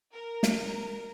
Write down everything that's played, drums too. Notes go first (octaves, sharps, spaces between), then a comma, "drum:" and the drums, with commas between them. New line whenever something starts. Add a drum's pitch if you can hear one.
A#4
drum: snare